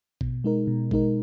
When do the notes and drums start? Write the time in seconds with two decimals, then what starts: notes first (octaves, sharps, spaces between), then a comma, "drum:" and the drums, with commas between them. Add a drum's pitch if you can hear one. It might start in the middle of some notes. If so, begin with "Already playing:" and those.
0.21 B2, drum: kick A#1
0.44 G#3 D#4 A#4
0.67 B2
0.91 G#3 D#4 A#4, drum: kick A#1